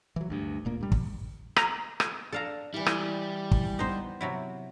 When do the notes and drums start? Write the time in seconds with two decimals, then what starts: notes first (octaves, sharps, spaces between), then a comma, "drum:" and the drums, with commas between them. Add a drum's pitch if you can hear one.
0.16 E3 F#3
0.30 D2 G2
0.65 D1 A#2 A#3
0.81 G2 G3
0.92 drum: kick
1.57 A#5, drum: rim click
2.00 drum: rim click
2.32 D4 A4 F5 A#5
2.74 E3 G3 E4
2.86 drum: rim click
3.51 drum: kick
3.79 B3 D#4 C5
4.21 C3 F#3 E4